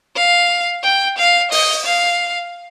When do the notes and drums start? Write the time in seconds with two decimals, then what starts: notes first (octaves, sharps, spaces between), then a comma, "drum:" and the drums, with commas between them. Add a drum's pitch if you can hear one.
0.16 F5
0.84 G5
1.18 F5
1.52 D#5, drum: open hi-hat
1.85 F5